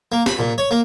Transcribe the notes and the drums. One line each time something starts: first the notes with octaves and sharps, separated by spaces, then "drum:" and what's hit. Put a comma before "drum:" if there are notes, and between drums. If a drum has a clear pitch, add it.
A#3
B5, drum: snare
A#2
C#5
A#3